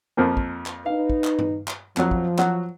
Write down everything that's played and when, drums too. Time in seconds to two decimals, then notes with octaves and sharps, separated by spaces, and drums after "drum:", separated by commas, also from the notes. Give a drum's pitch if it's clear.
0.17 F2 F3 A#3
0.37 drum: kick
0.66 drum: clap
0.86 D#4 B4 F5
1.10 drum: kick
1.24 drum: clap
1.39 drum: tom G2
1.68 drum: clap
1.97 F2 F3 F#3, drum: clap
2.11 drum: kick
2.39 F#3 F#4, drum: clap